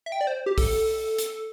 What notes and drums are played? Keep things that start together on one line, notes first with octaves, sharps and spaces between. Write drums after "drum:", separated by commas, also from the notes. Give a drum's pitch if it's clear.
E5
G5
D5
C5
G4
A4, drum: kick B1, open hi-hat
drum: hi-hat